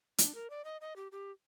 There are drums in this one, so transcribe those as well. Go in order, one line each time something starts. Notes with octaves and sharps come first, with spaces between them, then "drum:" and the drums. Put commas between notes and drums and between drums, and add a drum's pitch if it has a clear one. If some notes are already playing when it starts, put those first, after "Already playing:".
D4, drum: hi-hat
A#4
D5
D#5
D#5
G4
G4